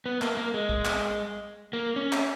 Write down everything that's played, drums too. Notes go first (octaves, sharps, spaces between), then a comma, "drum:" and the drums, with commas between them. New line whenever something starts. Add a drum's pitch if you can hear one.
B3
A#3, drum: clap
A#3
G#3
drum: kick
drum: clap
A#3
C#4
drum: clap